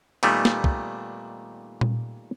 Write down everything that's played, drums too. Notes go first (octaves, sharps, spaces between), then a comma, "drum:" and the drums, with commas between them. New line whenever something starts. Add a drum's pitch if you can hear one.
A#2 D#3 G3 A3 B3 D#4, drum: cymbal
drum: snare
drum: kick
drum: tom A#2